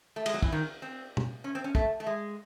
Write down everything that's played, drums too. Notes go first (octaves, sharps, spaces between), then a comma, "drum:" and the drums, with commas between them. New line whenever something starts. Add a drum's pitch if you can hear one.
A3
G#3, drum: cymbal
F#3
E3, drum: kick
D#3
C4
drum: tom
C#4
C4
C#4
A3, drum: kick
A3
G#3